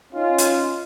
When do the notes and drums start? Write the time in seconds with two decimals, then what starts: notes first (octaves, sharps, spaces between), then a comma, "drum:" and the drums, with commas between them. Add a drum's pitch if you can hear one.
0.13 C#4 D#4 F4
0.38 drum: hi-hat